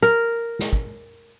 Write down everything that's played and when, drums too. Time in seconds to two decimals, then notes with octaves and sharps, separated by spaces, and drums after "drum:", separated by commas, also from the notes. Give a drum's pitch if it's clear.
0.02 A#4
0.59 drum: snare
0.73 drum: kick